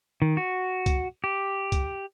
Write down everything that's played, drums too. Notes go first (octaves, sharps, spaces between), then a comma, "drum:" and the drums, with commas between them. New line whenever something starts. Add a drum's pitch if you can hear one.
D#3
F#4
drum: kick, hi-hat
G4
drum: kick, hi-hat